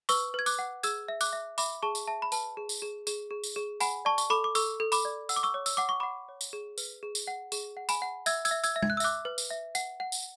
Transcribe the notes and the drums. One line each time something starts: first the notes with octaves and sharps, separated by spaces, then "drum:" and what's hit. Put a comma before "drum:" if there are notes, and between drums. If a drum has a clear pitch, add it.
B4 C#6 E6, drum: tambourine
B4 G#6
D6 F#6, drum: tambourine
F#5
G#4 E6 G#6, drum: tambourine
E5
D6 F#6, drum: tambourine
E5
E5 B5 D6, drum: tambourine
G#4 A5 C#6
drum: tambourine
E5 A5
B5
B4 A5, drum: tambourine
G#4
drum: tambourine
G#4
G#4, drum: tambourine
G#4
drum: tambourine
G#4
F#5 G#5 B5, drum: tambourine
D5 A5 C#6
C#6, drum: tambourine
A4 B5 D6
D6
A4 C#6 E6, drum: tambourine
A4
B5 D6, drum: tambourine
D5
F#5 E6, drum: tambourine
D6
C#6 E6
C#5
E6, drum: tambourine
F#5 D6
C#6
F#5 B5 D6
C#5
drum: tambourine
G#4
B4, drum: tambourine
G#4
drum: tambourine
F#5
G#4, drum: tambourine
F#5
G#5 B5, drum: tambourine
F#5
E5 E6 G#6, drum: tambourine
E6 G#6, drum: tambourine
E5
E6 G#6, drum: tambourine
E5
G#6, drum: tom G#3
F#6
E6
E5 D6 F#6, drum: tambourine
B4
drum: tambourine
E5
F#5, drum: tambourine
F#5
drum: tambourine